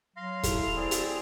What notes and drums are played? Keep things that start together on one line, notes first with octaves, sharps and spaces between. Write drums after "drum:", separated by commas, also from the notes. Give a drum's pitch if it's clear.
F#3 F5 C6 A#6
E4 A4 F7, drum: kick, hi-hat
C4 G#4 D5
drum: hi-hat